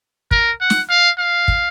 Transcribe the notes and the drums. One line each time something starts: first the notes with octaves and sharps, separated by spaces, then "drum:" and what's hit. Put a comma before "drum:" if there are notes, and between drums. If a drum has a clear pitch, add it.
A#4, drum: kick
F#5
drum: snare
F5
F5
drum: kick